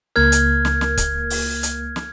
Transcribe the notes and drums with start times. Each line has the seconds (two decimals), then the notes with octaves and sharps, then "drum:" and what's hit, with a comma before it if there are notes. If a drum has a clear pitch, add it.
0.16 C#2 A#3 A#4 F6 G#6
0.32 drum: hi-hat
0.65 drum: snare
0.81 drum: snare
0.97 drum: kick, hi-hat
1.30 drum: open hi-hat
1.63 drum: hi-hat
1.96 drum: snare